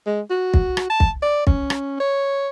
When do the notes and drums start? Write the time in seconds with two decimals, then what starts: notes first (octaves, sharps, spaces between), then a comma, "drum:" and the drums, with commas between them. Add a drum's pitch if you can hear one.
0.06 G#3
0.30 F#4
0.54 drum: kick
0.77 drum: rim click
0.90 A5
1.00 drum: kick
1.22 D5
1.47 C#4, drum: kick
1.70 drum: rim click
2.00 C#5